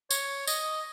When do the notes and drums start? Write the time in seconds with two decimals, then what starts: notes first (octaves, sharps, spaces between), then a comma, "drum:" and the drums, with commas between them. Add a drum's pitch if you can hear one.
0.11 C#5, drum: tambourine
0.47 D#5, drum: tambourine